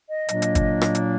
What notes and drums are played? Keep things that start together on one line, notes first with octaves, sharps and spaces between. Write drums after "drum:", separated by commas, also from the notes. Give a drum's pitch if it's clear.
D#5
A#2 F#3 A#3 D4, drum: hi-hat
drum: hi-hat
drum: kick, hi-hat
drum: rim click
drum: hi-hat